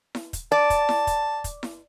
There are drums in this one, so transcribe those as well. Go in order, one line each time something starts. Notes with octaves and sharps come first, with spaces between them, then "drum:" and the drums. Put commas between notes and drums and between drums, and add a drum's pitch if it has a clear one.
drum: snare E4
drum: kick, hi-hat
D5 A5
drum: kick, hi-hat
drum: snare E4
drum: kick, hi-hat
drum: kick, hi-hat
drum: snare E4